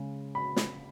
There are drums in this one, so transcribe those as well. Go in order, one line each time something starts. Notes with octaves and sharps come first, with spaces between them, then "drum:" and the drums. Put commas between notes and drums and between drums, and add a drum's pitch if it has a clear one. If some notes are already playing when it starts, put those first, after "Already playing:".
Already playing: C#3 G#3
B5
drum: snare